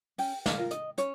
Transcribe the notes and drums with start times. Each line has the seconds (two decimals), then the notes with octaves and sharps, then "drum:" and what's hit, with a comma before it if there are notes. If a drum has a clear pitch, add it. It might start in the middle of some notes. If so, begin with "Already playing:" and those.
0.18 C#4 G5, drum: open hi-hat
0.46 F5, drum: snare
0.58 F4 A#4
0.71 D#5, drum: hi-hat
0.98 C#4 C#5, drum: hi-hat